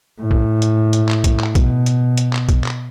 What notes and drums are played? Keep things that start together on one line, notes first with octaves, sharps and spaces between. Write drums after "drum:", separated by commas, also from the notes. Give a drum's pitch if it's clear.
A2
drum: kick
drum: hi-hat
drum: hi-hat
drum: clap
drum: kick, hi-hat
drum: clap
B2, drum: kick, hi-hat
drum: hi-hat
drum: hi-hat
drum: clap
drum: kick, hi-hat
drum: clap